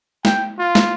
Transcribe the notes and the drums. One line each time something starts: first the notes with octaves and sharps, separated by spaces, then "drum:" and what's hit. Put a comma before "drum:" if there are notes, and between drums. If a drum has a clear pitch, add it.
G5, drum: snare
F4
drum: snare